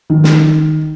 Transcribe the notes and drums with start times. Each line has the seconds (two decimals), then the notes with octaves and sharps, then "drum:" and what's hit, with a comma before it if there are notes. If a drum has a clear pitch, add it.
0.10 D#3
0.24 drum: snare